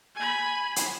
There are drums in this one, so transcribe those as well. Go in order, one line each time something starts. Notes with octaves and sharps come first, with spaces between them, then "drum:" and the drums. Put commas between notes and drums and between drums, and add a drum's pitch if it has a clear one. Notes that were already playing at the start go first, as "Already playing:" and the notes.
G#5 B5
drum: hi-hat